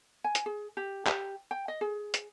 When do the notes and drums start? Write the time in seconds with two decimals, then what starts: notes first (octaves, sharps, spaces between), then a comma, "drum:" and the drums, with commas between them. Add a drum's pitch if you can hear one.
0.24 G#5
0.35 drum: hi-hat
0.46 G#4
0.77 G4
1.07 G4, drum: clap
1.51 G5
1.68 D#5
1.81 G#4
2.14 drum: hi-hat